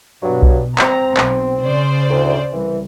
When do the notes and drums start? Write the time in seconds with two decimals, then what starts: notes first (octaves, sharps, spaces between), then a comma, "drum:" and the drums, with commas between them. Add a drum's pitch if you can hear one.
0.22 G2 B2 F#3
0.42 drum: kick B1
0.78 C4 A#5, drum: clap
1.17 B1, drum: clap
1.62 C#3 C5 D5
2.10 D2 A2
2.53 C2 E3